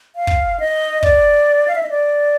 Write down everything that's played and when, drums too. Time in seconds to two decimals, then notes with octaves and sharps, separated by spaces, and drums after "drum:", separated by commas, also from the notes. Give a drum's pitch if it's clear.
0.16 F5
0.27 drum: kick
0.60 D#5
1.03 D5, drum: kick
1.68 F5
1.75 E5
1.83 D#5
1.90 D5